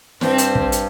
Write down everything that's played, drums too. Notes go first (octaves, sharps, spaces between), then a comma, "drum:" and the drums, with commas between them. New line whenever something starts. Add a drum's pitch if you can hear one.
G2 C4, drum: snare
drum: hi-hat
drum: kick
drum: hi-hat